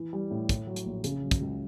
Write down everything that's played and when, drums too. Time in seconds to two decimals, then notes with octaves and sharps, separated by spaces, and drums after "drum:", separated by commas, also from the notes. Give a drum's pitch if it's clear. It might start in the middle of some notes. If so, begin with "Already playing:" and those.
Already playing: E3
0.13 G3
0.31 A2
0.49 A2, drum: kick, hi-hat
0.67 F#3
0.76 drum: hi-hat
0.86 A#1
1.04 C#3, drum: hi-hat
1.22 F#3
1.31 drum: kick, hi-hat
1.41 C#2